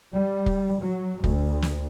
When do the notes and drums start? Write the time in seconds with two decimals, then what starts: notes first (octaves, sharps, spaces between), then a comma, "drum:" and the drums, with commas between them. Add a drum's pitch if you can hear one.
0.12 G3
0.46 drum: kick
0.81 F#3
1.24 D2, drum: kick
1.62 drum: snare